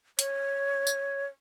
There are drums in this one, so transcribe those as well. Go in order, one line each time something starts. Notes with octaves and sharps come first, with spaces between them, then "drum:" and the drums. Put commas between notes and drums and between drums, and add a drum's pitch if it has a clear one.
C#5, drum: hi-hat
drum: tambourine